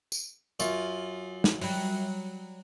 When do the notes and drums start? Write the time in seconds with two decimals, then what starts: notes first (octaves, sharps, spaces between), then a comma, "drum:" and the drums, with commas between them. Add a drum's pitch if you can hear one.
0.12 drum: tambourine
0.60 F#2 F4, drum: tambourine
1.44 drum: snare
1.61 F#3 G3, drum: open hi-hat